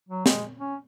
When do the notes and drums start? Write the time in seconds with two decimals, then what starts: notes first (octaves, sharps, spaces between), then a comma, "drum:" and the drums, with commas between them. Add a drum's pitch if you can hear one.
0.09 F#3
0.26 G#3, drum: snare
0.58 C#4